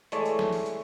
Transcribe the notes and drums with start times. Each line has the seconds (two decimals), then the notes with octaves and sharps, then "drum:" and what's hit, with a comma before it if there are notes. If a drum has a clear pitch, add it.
0.12 E3 G#3 A3 A4 C#5 D5, drum: hi-hat
0.26 drum: hi-hat
0.39 drum: snare
0.52 drum: open hi-hat
0.66 drum: hi-hat